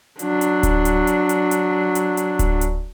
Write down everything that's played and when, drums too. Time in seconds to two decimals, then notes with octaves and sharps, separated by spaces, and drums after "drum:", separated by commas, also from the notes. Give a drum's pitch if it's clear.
0.19 F#3 D4, drum: hi-hat
0.41 drum: hi-hat
0.63 drum: kick D1, hi-hat
0.85 drum: hi-hat
1.07 drum: hi-hat
1.29 drum: hi-hat
1.51 drum: hi-hat
1.95 drum: hi-hat
2.17 drum: hi-hat
2.39 drum: kick D1, hi-hat
2.61 drum: hi-hat